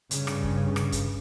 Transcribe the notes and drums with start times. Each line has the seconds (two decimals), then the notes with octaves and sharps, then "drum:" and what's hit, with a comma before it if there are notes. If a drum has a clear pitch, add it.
0.11 G2 C#3, drum: hi-hat
0.27 drum: rim click
0.43 drum: kick
0.76 drum: rim click
0.92 drum: kick, hi-hat